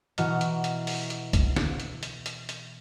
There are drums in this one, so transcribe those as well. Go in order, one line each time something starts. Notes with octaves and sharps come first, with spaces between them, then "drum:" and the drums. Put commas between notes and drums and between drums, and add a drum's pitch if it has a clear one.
B2 E3 F#4 D#5 A#5 F6, drum: hi-hat
drum: hi-hat
drum: hi-hat
drum: open hi-hat
drum: hi-hat
drum: kick, hi-hat
drum: snare
drum: hi-hat
drum: hi-hat
drum: hi-hat
drum: hi-hat